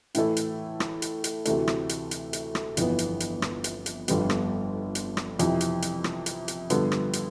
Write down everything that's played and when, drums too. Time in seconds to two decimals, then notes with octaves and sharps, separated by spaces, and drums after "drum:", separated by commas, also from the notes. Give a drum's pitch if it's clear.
0.15 A2 E3 A3 E4, drum: hi-hat
0.37 drum: hi-hat
0.80 drum: rim click
1.02 drum: hi-hat
1.24 drum: hi-hat
1.45 D2 C3 E3 A3, drum: hi-hat
1.68 drum: rim click
1.89 drum: hi-hat
2.11 drum: hi-hat
2.33 drum: hi-hat
2.55 drum: rim click
2.77 G1 F2 E3 B3, drum: hi-hat
2.99 drum: hi-hat
3.20 drum: hi-hat
3.42 drum: rim click
3.64 drum: hi-hat
3.86 drum: hi-hat
4.08 G1 F2 D3 G3 B3, drum: hi-hat
4.30 drum: rim click
4.95 drum: hi-hat
5.17 drum: rim click
5.39 F2 C3 E3, drum: hi-hat
5.61 drum: hi-hat
5.82 drum: hi-hat
6.04 drum: rim click
6.26 drum: hi-hat
6.48 drum: hi-hat
6.70 G2 D3 F3 B3, drum: hi-hat
6.92 drum: rim click
7.13 drum: hi-hat